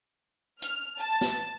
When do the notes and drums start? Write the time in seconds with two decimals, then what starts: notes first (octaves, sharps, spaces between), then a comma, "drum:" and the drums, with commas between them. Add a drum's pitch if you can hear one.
0.62 F6, drum: hi-hat
1.00 A5
1.21 drum: snare